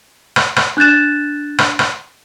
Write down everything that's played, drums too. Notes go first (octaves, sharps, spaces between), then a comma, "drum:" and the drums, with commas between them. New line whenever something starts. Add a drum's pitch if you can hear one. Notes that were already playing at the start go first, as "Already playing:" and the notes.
drum: rim click
drum: rim click
D4 F#6 G6 A6 E7
drum: rim click
drum: rim click